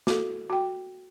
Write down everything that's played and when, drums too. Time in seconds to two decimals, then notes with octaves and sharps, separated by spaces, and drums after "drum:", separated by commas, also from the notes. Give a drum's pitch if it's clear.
0.07 F#4 A4, drum: snare
0.50 F#4 G5